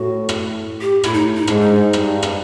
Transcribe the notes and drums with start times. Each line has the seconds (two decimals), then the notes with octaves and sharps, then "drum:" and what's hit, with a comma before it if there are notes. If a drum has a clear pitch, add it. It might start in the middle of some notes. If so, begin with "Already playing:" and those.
Already playing: A2 F#4
0.29 drum: rim click
0.81 G4
1.04 A2 E4, drum: rim click
1.14 D#4
1.36 D#4
1.47 G#2 D4, drum: rim click
1.60 D#4
1.93 G2, drum: rim click
2.23 drum: rim click